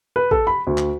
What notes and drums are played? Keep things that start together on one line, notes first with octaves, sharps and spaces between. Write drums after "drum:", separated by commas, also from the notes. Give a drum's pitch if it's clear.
B4
A4, drum: kick
B5
D2
drum: clap